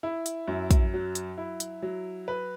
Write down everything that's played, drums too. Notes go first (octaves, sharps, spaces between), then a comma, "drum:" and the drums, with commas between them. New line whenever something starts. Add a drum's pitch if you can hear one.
E4
drum: hi-hat
F#2
drum: kick, hi-hat
F#3
drum: hi-hat
E4
drum: hi-hat
F#3
B4